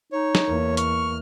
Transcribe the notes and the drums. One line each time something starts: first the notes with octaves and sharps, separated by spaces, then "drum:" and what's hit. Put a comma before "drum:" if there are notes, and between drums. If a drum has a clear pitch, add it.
D#4 C#5
drum: snare
E2 A#3
C#6 F6, drum: hi-hat